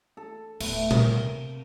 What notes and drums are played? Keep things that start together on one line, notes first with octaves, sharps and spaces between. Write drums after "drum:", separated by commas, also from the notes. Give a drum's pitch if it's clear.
A4
D1 A3 B3, drum: cymbal
C3 A#4, drum: tom A#2